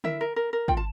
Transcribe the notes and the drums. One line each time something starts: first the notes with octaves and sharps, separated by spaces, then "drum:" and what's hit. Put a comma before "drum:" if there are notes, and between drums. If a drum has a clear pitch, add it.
E4 A#4 E5, drum: tom D3
A#4
A#4
A#4
F4 G5, drum: kick
A5